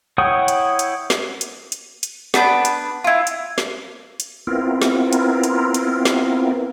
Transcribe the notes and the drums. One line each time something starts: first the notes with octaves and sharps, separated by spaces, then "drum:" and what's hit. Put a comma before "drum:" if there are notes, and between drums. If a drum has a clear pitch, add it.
E4 C#5 F#5 G5 D#6
drum: hi-hat
drum: hi-hat
drum: snare
drum: hi-hat
drum: hi-hat
drum: hi-hat
B3 D4 B4 G6, drum: snare
drum: hi-hat
E4 F4
drum: hi-hat
drum: snare
drum: hi-hat
B3 C4 E4 F4 A#4
drum: snare
drum: hi-hat
drum: hi-hat
drum: hi-hat
drum: snare